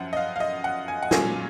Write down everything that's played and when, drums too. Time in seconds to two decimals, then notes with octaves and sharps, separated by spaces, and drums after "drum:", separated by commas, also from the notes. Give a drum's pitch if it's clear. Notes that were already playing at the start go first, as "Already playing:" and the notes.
Already playing: F#2 F3 F#5
0.13 D#5
0.17 F5
0.36 F5
0.40 D#5
0.64 F#5
0.88 G#5
1.03 F#5
1.11 A#2 F#3 C#4 F4 G#5, drum: snare